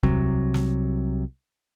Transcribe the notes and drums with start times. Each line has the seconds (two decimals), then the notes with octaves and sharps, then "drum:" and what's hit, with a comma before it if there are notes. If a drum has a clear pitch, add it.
0.03 C2 C3 F#3, drum: kick D#2
0.54 drum: snare